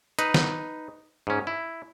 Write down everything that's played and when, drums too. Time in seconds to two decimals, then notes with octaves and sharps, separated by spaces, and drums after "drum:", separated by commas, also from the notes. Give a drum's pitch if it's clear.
0.19 D#4 B4, drum: hi-hat
0.34 drum: snare
1.27 G#2 C#4
1.47 E4